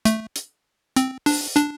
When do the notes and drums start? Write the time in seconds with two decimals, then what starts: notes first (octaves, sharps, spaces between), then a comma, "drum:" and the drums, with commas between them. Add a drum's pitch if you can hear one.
0.05 A3, drum: hi-hat
0.36 drum: hi-hat
0.96 C4, drum: hi-hat
1.26 D4, drum: open hi-hat
1.56 D4, drum: hi-hat